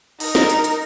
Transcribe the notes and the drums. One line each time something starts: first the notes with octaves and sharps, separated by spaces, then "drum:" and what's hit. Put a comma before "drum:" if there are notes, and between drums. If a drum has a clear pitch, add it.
D#4 A#4, drum: open hi-hat
drum: snare
drum: hi-hat
drum: hi-hat